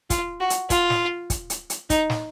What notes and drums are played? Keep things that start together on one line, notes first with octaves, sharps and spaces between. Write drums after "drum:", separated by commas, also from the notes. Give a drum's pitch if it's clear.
F4, drum: kick, hi-hat
F#4
drum: hi-hat
F4, drum: kick, hi-hat
drum: snare
drum: kick, hi-hat
drum: hi-hat
drum: hi-hat
D#4, drum: kick, hi-hat
drum: snare